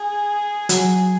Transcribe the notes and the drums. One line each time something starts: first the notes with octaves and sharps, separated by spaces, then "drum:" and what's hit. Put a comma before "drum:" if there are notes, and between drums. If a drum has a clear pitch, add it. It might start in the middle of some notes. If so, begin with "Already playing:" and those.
Already playing: G#4
F#3, drum: hi-hat